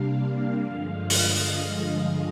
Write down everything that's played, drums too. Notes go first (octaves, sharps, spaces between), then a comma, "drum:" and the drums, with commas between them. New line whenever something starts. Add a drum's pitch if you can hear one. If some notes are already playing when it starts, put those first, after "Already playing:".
Already playing: C3 G3 A#3 D4 F5
G2 D3 F3 G#3 F5
D#5, drum: open hi-hat